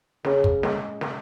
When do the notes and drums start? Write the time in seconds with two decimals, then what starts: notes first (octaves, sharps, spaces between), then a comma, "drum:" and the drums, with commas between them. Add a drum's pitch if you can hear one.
0.24 C#3 C#4, drum: snare
0.44 drum: kick
0.63 G#3, drum: snare
1.01 drum: snare